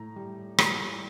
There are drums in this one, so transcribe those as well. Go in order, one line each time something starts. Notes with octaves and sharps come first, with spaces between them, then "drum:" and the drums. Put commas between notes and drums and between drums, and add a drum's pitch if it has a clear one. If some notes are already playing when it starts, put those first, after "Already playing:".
Already playing: A2 A#5
G3
G3, drum: rim click